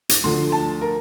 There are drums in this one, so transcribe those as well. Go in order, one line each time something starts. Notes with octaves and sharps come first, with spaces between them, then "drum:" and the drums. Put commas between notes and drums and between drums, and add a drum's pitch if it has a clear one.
drum: hi-hat
D2 D3 F3 C6
A5
A#4